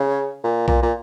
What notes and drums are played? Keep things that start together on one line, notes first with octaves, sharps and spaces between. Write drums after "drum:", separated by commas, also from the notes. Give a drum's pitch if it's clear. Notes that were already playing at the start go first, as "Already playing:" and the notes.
Already playing: C#3
A#2
A#2, drum: kick B1
A#2